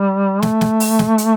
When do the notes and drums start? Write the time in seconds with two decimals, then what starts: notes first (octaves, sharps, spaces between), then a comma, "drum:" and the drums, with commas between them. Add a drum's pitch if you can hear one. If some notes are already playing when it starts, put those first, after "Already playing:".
Already playing: G3
0.42 A3, drum: snare
0.61 drum: snare
0.80 drum: open hi-hat
0.99 drum: snare
1.18 drum: hi-hat